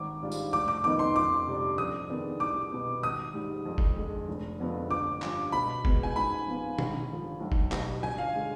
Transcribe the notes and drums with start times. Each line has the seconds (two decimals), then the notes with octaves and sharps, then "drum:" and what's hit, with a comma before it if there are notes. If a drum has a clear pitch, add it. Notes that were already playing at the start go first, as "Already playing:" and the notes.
Already playing: G#1 D6
0.22 G#2 G3 D4 F4
0.32 drum: tambourine
0.52 F1 D6
0.68 D6
0.84 F2 D#3 B3 D#4 D6
0.99 C6
1.15 F2 D6
1.47 C3 G3 D4
1.78 F2 D#6
2.10 D#3 B3 D4 G#4
2.40 C2 D6
2.72 B2 B3
3.03 G#1 D#6
3.34 G#2 G3
3.65 F2
3.78 drum: kick
3.96 D3 G#3
4.28 F1
4.60 F2 D3 F3 B3
4.90 G1 D6
5.22 G2 F3, drum: clap
5.52 B2 B5
5.85 G#3 B3, drum: kick
6.03 G#5
6.16 G#2 B5
6.47 F3 B3 F4
6.79 G#1, drum: tom B2
7.10 G2 D3 F3
7.40 B1
7.52 drum: kick
7.72 B2 G3, drum: clap
8.03 G1 G#5
8.18 F5
8.35 D3 G#3